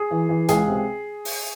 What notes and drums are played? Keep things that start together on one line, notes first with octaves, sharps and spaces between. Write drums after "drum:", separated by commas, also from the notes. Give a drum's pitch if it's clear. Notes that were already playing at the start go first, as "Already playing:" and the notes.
Already playing: G#4
E3
E3
C#2 G#4, drum: hi-hat
C3
drum: open hi-hat